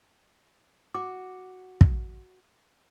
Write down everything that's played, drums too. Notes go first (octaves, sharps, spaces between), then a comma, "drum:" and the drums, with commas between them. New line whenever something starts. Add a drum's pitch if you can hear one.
F#4 D6
drum: kick